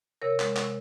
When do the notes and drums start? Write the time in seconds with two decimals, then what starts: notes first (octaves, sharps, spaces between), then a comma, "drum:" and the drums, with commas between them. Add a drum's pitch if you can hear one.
0.22 C3 A#4 C#5
0.40 G#3, drum: clap
0.56 C3, drum: clap